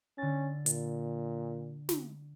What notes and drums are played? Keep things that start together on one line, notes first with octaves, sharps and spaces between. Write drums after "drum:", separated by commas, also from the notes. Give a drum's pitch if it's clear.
D3 C#4 A6
A#2, drum: hi-hat
drum: snare